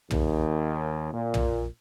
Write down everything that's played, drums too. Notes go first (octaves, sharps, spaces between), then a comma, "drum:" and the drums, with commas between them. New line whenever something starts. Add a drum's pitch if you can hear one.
D#2, drum: tom
A#2
drum: tom